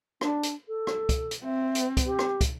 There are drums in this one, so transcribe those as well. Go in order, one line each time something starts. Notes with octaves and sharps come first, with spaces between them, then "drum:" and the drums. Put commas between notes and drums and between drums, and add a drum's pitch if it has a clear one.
D4, drum: rim click
drum: hi-hat
A4
drum: rim click
drum: kick, hi-hat
drum: hi-hat
C4 E5
drum: hi-hat
drum: kick, hi-hat
G4
drum: rim click
drum: kick, hi-hat